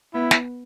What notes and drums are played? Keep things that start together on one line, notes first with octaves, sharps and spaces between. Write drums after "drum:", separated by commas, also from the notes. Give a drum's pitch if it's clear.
B3 E4
drum: snare